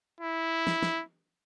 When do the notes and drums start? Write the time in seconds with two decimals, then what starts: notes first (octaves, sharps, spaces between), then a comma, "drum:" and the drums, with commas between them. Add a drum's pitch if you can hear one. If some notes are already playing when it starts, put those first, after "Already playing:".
0.20 E4
0.67 drum: snare
0.83 drum: snare